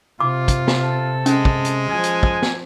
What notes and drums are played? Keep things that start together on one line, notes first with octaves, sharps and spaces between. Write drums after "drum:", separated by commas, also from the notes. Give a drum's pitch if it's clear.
C3 F4 D6
drum: kick, hi-hat
drum: snare
A4
G#3 C#4, drum: hi-hat
drum: kick
drum: hi-hat
F3 G#5
drum: hi-hat
drum: kick
drum: snare